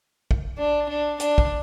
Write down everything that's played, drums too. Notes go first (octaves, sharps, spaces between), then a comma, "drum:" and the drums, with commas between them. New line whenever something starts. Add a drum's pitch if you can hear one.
drum: kick
D4
D4
D4, drum: hi-hat
drum: kick